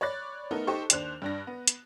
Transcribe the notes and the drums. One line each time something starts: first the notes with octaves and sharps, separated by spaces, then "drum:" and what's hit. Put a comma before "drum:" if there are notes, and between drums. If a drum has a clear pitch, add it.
C#5 D5 B5 F#6 A6
A3 B3 D#4 A4 A#4
D#4 G4 A4 C5 C#6
D#2 D4 C5 F#6 F7, drum: hi-hat
G2 D4 A#6
B3
drum: hi-hat